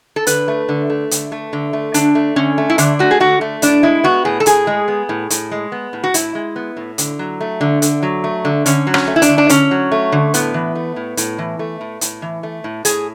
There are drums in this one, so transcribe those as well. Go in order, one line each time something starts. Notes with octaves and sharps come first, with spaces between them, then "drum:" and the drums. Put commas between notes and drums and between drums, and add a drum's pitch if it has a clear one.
A4
D3 B4, drum: hi-hat
A3
D3
A3
D3, drum: hi-hat
A3
D3
A3
D3 D4, drum: hi-hat
A3
D3 C#4
A3
E4
D3 D4, drum: hi-hat
A3 F#4
G#4
D3 F#4
A3
A2 D4, drum: hi-hat
G#3 E4
B3 F#4
A2 G#4
A4
A2 G#4, drum: hi-hat
G#3
B3
A2
A2, drum: hi-hat
G#3
B3
A2
F#4
A2 E4, drum: hi-hat
G#3
B3
A2
D3, drum: hi-hat
F#3
A3
D3
D3, drum: hi-hat
F#3
A3
D3
D3 C#4, drum: hi-hat
F#3
C#4, drum: rim click
A3
E4
D4, drum: hi-hat
D3
D4
D3 C#4, drum: hi-hat
F#3
A3
D3
A2 B3, drum: hi-hat
E3
A3
A2
A2, drum: hi-hat
E3
A3
A2
A2, drum: hi-hat
E3
A3
A2
A2 G#4, drum: hi-hat